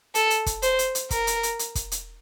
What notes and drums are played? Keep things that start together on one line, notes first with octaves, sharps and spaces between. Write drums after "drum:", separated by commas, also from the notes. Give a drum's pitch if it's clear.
A4, drum: hi-hat
drum: hi-hat
drum: kick, hi-hat
C5, drum: hi-hat
drum: hi-hat
drum: hi-hat
A#4, drum: kick, hi-hat
drum: hi-hat
drum: hi-hat
drum: hi-hat
drum: kick, hi-hat
drum: hi-hat